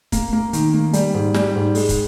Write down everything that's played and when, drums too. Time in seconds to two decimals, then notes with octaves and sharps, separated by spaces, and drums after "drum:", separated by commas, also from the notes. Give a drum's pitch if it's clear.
0.12 A#3, drum: kick, hi-hat
0.33 A#3
0.53 D#3, drum: hi-hat
0.74 A#3
0.93 G3, drum: hi-hat
1.14 G#2
1.34 G3, drum: snare
1.55 G#2
1.75 G#3, drum: open hi-hat
1.89 drum: kick, hi-hat